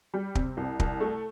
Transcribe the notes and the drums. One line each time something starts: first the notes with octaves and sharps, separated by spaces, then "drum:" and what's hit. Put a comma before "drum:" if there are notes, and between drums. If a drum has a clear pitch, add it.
G3
C3, drum: kick
C2
C2, drum: kick
A3